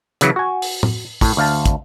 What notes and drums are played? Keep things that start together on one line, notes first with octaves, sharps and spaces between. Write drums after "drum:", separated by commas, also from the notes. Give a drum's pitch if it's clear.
C#3 E3 F#3, drum: hi-hat
F#4 G#5
drum: open hi-hat
drum: tom
A2, drum: kick, open hi-hat
D2 F5 A5
drum: kick, hi-hat